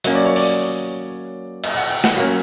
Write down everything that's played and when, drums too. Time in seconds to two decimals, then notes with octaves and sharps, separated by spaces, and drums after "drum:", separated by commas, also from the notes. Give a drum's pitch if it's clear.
0.04 F#3 A#3 C#4 D#5, drum: hi-hat
0.15 D5
0.25 C#5
0.36 D5, drum: open hi-hat
1.64 D#5, drum: cymbal
1.77 F#5
1.90 G5
2.04 F#5, drum: snare
2.17 F#3 A#3 C#4 F5